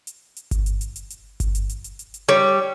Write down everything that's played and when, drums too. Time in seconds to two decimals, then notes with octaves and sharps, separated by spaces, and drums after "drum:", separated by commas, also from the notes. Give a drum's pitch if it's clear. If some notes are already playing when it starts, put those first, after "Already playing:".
0.07 drum: hi-hat
0.36 drum: hi-hat
0.51 drum: kick G1, hi-hat
0.66 drum: hi-hat
0.81 drum: hi-hat
0.96 drum: hi-hat
1.10 drum: hi-hat
1.40 drum: kick G1, hi-hat
1.55 drum: hi-hat
1.69 drum: hi-hat
1.84 drum: hi-hat
1.99 drum: hi-hat
2.14 drum: hi-hat
2.29 G3 C#5